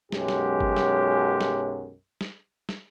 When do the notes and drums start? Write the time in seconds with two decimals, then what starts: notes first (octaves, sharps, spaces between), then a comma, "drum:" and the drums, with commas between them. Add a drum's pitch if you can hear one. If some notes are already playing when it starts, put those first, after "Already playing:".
0.12 B1 F#2 G#3 C#4 G4, drum: snare
0.28 drum: snare
0.60 drum: kick G1
0.77 drum: snare
1.41 drum: snare
2.21 drum: snare
2.69 drum: snare